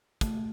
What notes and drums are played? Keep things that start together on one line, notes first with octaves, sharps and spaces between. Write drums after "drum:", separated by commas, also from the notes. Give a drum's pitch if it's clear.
A3, drum: kick, hi-hat